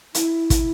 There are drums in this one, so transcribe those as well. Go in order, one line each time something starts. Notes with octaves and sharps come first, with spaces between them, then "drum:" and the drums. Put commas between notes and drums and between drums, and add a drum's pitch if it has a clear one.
E4, drum: hi-hat
drum: kick, hi-hat